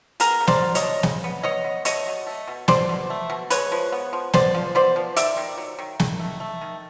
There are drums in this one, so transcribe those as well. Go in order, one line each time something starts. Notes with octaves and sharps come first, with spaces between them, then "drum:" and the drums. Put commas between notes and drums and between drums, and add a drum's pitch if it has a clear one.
B3 G#4 A#4, drum: hi-hat
C#3
C5 D5, drum: snare
F#3
C#5 D#5, drum: hi-hat
D4
C#3, drum: snare
B3
B3 C#5 D#5
B3
A3 C#5 D#5, drum: hi-hat
F#3
A3
B2
B2 C5 D5, drum: snare
B2
A3
B2
G#3 B4 C#5, drum: hi-hat
F3
B3
F3
B3 C5 D5, drum: snare
F3
B3 C5 D5
F3
D#3 D5 E5, drum: hi-hat
D#3
F#3
D#3
D#3, drum: snare
A3
A3
D#3